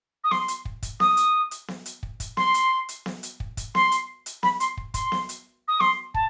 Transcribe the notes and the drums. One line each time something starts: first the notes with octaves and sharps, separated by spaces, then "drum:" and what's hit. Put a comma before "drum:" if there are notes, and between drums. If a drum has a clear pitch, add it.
D#6
C6, drum: snare B3
drum: hi-hat
drum: kick
drum: kick, hi-hat
D#6, drum: snare B3
drum: hi-hat
drum: hi-hat
drum: snare B3
drum: hi-hat
drum: kick
drum: kick, hi-hat
C6, drum: snare B3
drum: hi-hat
drum: hi-hat
drum: snare B3
drum: hi-hat
drum: kick
drum: kick, hi-hat
C6, drum: snare B3
drum: hi-hat
drum: hi-hat
B5, drum: snare B3
C6, drum: hi-hat
drum: kick
C6, drum: kick, hi-hat
drum: snare B3
drum: hi-hat
D#6
C6, drum: snare B3
A5, drum: kick